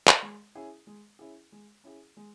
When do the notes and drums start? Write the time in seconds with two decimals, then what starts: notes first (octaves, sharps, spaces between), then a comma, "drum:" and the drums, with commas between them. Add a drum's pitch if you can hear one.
0.07 drum: clap
0.23 G#3
0.55 C#4 E4 G#4
0.87 G#3
1.19 C#4 E4 G#4
1.52 G#3
1.84 C#4 E4 G#4
2.17 G#3